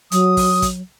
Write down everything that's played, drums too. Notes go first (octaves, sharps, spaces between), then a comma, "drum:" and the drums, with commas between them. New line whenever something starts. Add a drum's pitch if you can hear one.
F#3 D#6, drum: hi-hat
drum: kick, open hi-hat
drum: kick, hi-hat